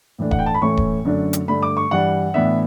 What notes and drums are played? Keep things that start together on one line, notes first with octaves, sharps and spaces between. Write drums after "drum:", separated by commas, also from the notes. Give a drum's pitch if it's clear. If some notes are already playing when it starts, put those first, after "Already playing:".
A2 E3 A3 D4
F#5, drum: kick D#1
G5
A5
B5
A2 E3 A3 C#4 C#6
drum: kick D#1
F#2 D3 A3 D4
drum: hi-hat
G2 D3 A3 B5
D6
C#6
G2 E3 G3 D4 F#5
A2 E3 B3 D4 E5